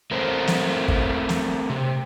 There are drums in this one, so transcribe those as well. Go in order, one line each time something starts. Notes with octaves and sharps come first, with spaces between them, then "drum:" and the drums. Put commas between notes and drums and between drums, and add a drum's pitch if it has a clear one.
A3 C4 A#4 C5
drum: snare
drum: kick
drum: snare
C3